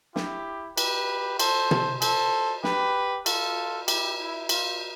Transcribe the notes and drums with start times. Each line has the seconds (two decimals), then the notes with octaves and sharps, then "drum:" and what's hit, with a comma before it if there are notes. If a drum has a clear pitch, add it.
0.16 E4 G4, drum: snare
0.78 G4 B4, drum: cymbal
1.40 A4 C5, drum: cymbal
1.71 drum: tom
2.02 A4 C5, drum: cymbal
2.64 G4 B4, drum: snare
3.26 F4 A4, drum: cymbal
3.88 E4 G4, drum: cymbal
4.19 E4
4.49 F4, drum: cymbal